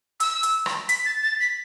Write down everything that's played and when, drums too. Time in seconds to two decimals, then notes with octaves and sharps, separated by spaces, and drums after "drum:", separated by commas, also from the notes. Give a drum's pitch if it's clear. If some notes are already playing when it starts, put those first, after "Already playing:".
0.20 E6, drum: hi-hat
0.43 drum: hi-hat
0.66 drum: rim click
0.89 B6, drum: hi-hat
1.06 A6
1.23 A6
1.40 B6